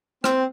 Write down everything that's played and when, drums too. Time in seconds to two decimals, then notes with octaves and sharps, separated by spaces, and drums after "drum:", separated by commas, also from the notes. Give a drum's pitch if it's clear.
0.24 C4, drum: rim click